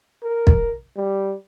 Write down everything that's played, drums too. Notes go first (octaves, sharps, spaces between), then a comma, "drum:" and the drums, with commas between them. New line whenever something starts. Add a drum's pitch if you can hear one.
A#4
drum: kick
G3